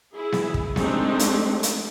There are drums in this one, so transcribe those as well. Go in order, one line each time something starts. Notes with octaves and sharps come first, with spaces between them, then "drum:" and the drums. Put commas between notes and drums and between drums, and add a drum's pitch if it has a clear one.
E4 G#4
drum: snare B3
drum: kick
G#3 A3 C4 D4 D#4 G4, drum: snare B3
drum: hi-hat
drum: hi-hat